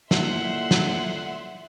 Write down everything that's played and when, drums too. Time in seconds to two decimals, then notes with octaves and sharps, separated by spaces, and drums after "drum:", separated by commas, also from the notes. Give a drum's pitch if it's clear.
0.11 A#2 A3 D#4 E4 E5 F#5 C6, drum: snare
0.71 drum: snare